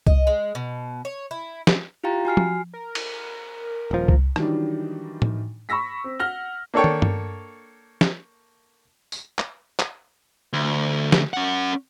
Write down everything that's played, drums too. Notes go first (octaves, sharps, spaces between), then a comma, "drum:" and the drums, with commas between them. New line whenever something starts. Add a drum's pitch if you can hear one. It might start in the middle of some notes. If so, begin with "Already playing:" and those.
D#5, drum: kick C2
G#3
B2
C#5
E4
drum: snare
E4 F4 G4 F5 G5 A#5
F#4 G#5 F6 C7
drum: tom F3
A#4
drum: cymbal
D#1 F3
drum: kick C2
D#3 E3 F#3 G3 D4 D#4, drum: rim click
drum: tom A2
B5 C#6 E6 A#6 B6
C4
F#5 F6 A#6 G7
A#3 D4 A4 C#5 G5
drum: tom
drum: tom G2
drum: snare
drum: tambourine
drum: clap
drum: clap
D2
drum: snare
C#4 F#5